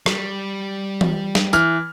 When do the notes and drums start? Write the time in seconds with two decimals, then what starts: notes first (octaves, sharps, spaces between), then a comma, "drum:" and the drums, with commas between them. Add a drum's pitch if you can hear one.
0.06 G3, drum: rim click
1.01 drum: tom E3
1.35 drum: snare
1.53 E3 F6, drum: tambourine